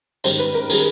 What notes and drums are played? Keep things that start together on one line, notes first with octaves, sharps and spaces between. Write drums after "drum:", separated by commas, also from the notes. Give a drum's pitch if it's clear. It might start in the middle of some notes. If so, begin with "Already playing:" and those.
G#2 D#3 G3 C5, drum: tambourine
B4
A#4
D#3 G3 G#4, drum: tambourine